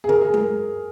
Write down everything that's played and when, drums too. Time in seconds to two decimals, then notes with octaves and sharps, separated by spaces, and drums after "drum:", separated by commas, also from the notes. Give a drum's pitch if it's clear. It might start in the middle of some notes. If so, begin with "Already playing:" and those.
0.04 G#4
0.09 A#4, drum: tom
0.21 G#4
0.34 A#4, drum: tom G#3